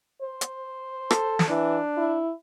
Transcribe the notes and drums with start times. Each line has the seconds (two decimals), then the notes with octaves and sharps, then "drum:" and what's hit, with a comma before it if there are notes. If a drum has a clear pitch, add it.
0.22 C5
0.41 drum: hi-hat
1.11 A4, drum: rim click
1.39 drum: snare
1.49 E3 D4
1.97 E4